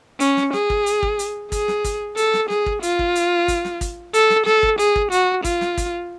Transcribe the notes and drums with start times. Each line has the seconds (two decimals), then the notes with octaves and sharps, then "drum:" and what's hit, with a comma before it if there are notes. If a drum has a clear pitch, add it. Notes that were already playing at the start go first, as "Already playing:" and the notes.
0.20 C#4, drum: hi-hat
0.37 drum: snare
0.53 G#4, drum: snare
0.70 drum: kick
0.86 drum: hi-hat
1.03 drum: kick
1.19 drum: hi-hat
1.52 G#4, drum: kick, hi-hat
1.68 drum: snare
1.84 drum: kick, hi-hat
2.17 A4, drum: hi-hat
2.34 drum: snare
2.50 G#4, drum: snare
2.66 drum: kick
2.83 F4, drum: hi-hat
2.99 drum: kick
3.15 drum: hi-hat
3.48 drum: kick, hi-hat
3.65 drum: snare
3.81 drum: kick, hi-hat
4.14 A4, drum: hi-hat
4.30 drum: snare
4.46 A4, drum: snare
4.63 drum: kick
4.79 G#4, drum: hi-hat
4.96 drum: kick
5.12 F#4, drum: hi-hat
5.44 F4, drum: kick, hi-hat
5.61 drum: snare
5.77 drum: kick, hi-hat